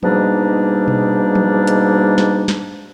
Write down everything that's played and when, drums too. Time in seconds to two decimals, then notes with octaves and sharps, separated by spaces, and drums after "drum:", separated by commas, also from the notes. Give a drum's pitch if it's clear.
0.03 G#2 B2 G3 A#3 D4 D#4, drum: tom F3
0.88 drum: tom B2
1.35 drum: tom F3
1.67 drum: hi-hat
2.18 drum: snare
2.48 drum: snare